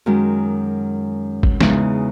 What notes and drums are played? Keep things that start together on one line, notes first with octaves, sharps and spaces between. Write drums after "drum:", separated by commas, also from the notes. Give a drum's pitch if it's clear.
F#2 D#3 G#3
drum: kick
E2 C#3 G#3 D#4, drum: snare